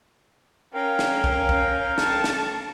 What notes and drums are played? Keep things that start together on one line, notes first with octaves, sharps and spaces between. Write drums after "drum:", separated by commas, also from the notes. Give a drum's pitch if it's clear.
C#4 A#4 F5 G5
drum: snare
drum: kick
drum: kick
A5 C#6, drum: snare
drum: snare